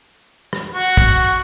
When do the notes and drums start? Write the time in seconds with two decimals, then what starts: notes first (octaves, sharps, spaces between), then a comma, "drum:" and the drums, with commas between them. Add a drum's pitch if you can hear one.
0.53 drum: rim click
0.75 F#4 F#5 C#6
0.97 drum: kick, cymbal